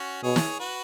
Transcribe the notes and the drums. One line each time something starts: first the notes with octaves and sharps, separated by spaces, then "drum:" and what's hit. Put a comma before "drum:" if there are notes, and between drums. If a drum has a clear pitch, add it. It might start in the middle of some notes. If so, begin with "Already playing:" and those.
Already playing: C#4 F#4
B2 G#4 C#5
drum: snare
F#4 B4